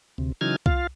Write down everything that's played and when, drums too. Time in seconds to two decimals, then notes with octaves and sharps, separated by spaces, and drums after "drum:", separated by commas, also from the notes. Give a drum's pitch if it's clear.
0.18 D2 C3
0.41 C#3 E3 F#3 D#4 F6 G#6
0.66 F4 F5, drum: kick C2